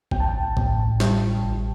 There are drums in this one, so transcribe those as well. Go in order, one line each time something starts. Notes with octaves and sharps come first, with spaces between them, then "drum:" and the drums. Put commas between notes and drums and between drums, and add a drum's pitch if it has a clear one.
A1 G5, drum: kick
A5
G5
A2, drum: kick
G3, drum: snare
A1